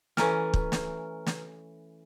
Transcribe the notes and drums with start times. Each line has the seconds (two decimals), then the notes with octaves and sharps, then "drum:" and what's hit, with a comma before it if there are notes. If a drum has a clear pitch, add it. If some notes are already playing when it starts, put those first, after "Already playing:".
0.17 E3 A3 C#4 B4 A#5 F6, drum: snare
0.54 drum: kick
0.72 drum: snare
1.26 drum: snare